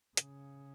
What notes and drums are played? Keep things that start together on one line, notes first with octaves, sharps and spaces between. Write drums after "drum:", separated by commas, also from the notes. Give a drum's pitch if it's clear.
C#3, drum: hi-hat